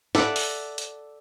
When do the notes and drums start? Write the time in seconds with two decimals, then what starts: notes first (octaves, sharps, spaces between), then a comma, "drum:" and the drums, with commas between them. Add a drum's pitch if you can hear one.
0.15 A4 D5 E5 F#5, drum: snare
0.36 drum: open hi-hat
0.78 drum: hi-hat